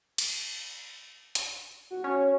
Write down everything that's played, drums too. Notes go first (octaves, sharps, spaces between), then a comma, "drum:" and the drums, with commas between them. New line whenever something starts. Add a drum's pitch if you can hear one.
drum: cymbal
drum: hi-hat
F#4
C#4